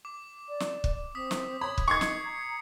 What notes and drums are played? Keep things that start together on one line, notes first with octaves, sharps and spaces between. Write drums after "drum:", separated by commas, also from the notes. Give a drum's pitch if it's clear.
D6
D5
drum: snare
drum: kick
C4 D#6 B6
drum: snare
C#5 B5 G#6
drum: kick
D#4 C#6 G#6 C7 C#7
drum: snare
A#5